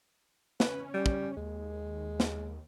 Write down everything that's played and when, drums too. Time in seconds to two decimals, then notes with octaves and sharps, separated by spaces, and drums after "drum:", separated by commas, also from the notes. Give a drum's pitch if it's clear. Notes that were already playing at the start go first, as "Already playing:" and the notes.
0.60 C#4 B4, drum: snare
0.94 G3
1.06 drum: kick
1.37 D#2 G#3
2.20 drum: snare